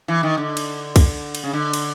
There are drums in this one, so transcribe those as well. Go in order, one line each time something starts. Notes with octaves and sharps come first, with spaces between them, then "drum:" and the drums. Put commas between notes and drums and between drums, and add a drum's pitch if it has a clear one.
E3
D#3
D3
drum: cymbal
drum: kick, cymbal
drum: cymbal
C#3
D3
drum: cymbal